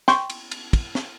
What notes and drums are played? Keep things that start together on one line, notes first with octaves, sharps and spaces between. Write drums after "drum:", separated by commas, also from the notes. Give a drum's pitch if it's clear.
G5 C6 C#6 G6, drum: snare
drum: cymbal
drum: cymbal
drum: kick, cymbal
drum: snare